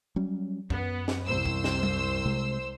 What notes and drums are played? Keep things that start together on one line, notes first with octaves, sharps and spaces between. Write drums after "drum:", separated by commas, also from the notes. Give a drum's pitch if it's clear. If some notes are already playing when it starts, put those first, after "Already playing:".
F#3 G3 C#4
F#2 B3, drum: kick
drum: snare
C2 C5 E6
drum: kick
drum: snare
drum: tom F#3
C3 G#3